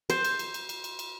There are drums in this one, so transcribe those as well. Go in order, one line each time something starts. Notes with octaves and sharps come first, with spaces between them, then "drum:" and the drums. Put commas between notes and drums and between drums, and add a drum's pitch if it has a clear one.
C5, drum: cymbal
drum: cymbal
drum: cymbal
drum: cymbal
drum: cymbal
drum: cymbal
drum: cymbal